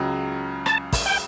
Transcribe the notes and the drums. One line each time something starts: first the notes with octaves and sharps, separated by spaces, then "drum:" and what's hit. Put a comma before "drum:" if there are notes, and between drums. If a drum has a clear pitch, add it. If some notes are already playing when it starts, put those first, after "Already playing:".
Already playing: C#2 C#3 F#3
A5, drum: rim click
drum: kick, open hi-hat
G5